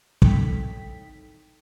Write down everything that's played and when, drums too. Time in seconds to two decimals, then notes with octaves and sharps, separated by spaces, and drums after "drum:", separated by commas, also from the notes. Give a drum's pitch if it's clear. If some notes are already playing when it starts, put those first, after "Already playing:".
0.22 G#1 A2 D#4 A4 G5 B6, drum: kick